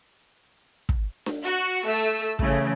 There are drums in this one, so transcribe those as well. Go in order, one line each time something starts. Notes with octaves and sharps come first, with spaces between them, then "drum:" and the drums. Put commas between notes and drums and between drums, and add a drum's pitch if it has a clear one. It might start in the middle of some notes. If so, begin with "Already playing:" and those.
drum: kick
drum: snare D4
F#4
A3 E6
C#3 E3 A3, drum: kick